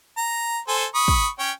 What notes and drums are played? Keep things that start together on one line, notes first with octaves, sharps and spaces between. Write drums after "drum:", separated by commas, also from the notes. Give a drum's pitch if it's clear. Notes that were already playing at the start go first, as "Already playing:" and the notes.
A#5
A4 C5 G#5
B5 C#6 D#6
drum: kick
C#4 C#5 G5